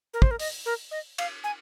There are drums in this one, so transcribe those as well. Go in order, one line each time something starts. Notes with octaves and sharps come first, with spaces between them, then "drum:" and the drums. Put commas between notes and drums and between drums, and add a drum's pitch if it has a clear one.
A#4
C5, drum: kick
A#4
D#5, drum: open hi-hat
A#4
D#5
F5, drum: cymbal
G#5